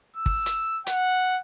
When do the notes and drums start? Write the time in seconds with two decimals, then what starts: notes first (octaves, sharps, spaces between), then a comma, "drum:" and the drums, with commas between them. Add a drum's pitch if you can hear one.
0.16 E6
0.26 drum: kick
0.46 drum: hi-hat
0.87 F#5, drum: hi-hat